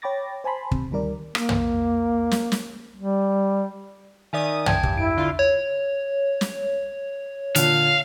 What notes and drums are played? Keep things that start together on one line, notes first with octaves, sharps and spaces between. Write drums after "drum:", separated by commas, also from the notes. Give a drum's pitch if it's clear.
C#5 G5 B5 D6 A6 A#6
C5 G#5 A5 B5 C6
C3, drum: kick
D2 D#3 G3 A#4 D5
A#3, drum: rim click
drum: tom
drum: snare
drum: snare
G3
D#3 D5 E5 G#5 D#6
G5 A5 G#6, drum: tom
G2, drum: kick
E4 D7
D3 F4
C#5
drum: snare
A#2 D3 F5, drum: hi-hat